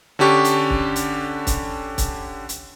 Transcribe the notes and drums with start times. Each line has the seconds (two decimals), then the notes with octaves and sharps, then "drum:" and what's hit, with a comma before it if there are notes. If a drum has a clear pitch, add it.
0.19 D3 C#4 D4 G4 C#6
0.45 drum: hi-hat
0.70 drum: kick C#1
0.96 drum: hi-hat
1.47 drum: kick C#1, hi-hat
1.98 drum: kick C#1, hi-hat
2.49 drum: hi-hat